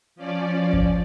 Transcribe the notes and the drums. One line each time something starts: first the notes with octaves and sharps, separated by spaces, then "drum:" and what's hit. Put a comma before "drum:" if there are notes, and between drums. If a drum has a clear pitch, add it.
F3 C#4 D5
drum: kick G#1